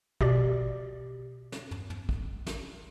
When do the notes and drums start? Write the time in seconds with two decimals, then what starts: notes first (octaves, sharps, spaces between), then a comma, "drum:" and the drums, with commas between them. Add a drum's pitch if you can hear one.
0.21 B2 G4 D5, drum: kick
1.52 drum: snare
1.71 drum: tom
1.90 drum: tom
2.09 drum: kick
2.46 drum: snare